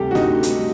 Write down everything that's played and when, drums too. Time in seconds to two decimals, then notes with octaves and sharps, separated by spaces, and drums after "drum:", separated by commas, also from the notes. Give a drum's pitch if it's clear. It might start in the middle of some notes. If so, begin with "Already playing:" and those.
Already playing: D2 C3 G3 G4 A4
0.11 F#4
0.15 D2 D#4, drum: snare
0.43 drum: hi-hat
0.57 G3